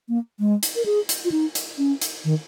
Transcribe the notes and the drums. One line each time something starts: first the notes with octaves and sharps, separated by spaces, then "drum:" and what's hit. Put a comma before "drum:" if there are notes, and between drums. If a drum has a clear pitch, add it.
A#3
G#3
drum: hi-hat
A#4
G#4
drum: hi-hat
F4
D#4
drum: hi-hat
C#4
drum: hi-hat
D#3